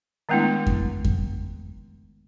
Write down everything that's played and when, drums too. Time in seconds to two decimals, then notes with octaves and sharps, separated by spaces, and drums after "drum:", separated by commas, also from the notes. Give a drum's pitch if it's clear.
0.29 D#3 G#3 A3 B3 D4 E4
0.67 drum: kick F2
1.05 drum: kick F2